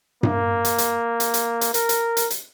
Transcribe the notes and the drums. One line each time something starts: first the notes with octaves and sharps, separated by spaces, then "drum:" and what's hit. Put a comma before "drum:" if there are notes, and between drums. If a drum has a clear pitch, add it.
A#3, drum: tom G2
drum: hi-hat
drum: hi-hat
drum: hi-hat
drum: hi-hat
drum: hi-hat
A#4, drum: hi-hat
drum: hi-hat
drum: hi-hat
drum: hi-hat